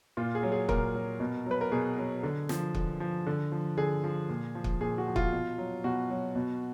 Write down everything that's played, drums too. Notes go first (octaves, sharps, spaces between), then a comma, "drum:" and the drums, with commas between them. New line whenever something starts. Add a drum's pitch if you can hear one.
A#2 F4
G#4
F#3
G#4
A#2 A#4, drum: kick
F#3
B2
F#3 B4
A#4
B2 G#4
F#3
D3
F3, drum: snare
D3, drum: kick
F3
D3
F3
D3 G#4
F3
A#2
F3
drum: kick
A#2 G#4
F#4
F3
F4, drum: kick
B2
F#3
B2 F#4
F#3
B2